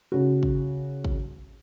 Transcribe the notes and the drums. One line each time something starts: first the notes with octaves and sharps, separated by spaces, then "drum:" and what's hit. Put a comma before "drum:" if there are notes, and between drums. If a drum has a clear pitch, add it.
C#3 F#4
drum: kick
drum: kick